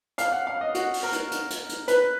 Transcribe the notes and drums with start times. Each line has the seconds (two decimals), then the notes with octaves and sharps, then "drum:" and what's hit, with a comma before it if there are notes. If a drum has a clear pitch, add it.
0.18 F5, drum: hi-hat
0.32 F#5
0.47 F5
0.61 D#5
0.75 F#4, drum: hi-hat
0.94 drum: open hi-hat
1.03 A#4
1.13 drum: hi-hat
1.31 drum: hi-hat
1.50 drum: hi-hat
1.69 drum: hi-hat
1.88 B4, drum: hi-hat